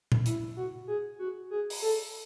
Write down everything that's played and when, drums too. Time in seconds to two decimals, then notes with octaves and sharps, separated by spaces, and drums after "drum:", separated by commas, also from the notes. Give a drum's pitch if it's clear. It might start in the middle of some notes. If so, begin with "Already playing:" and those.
0.12 drum: tom A#2
0.26 E4, drum: hi-hat
0.57 F#4
0.87 G#4
1.19 F#4
1.51 G#4
1.70 drum: open hi-hat
1.82 A4